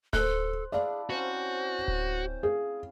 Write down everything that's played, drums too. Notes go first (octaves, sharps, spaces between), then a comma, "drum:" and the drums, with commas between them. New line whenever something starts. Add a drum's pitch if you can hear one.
A4 C5 F#6, drum: kick D1
D4 E4 G#4 D5 F5
C3 C#4 F#4 C5
drum: kick D1
G#4 F5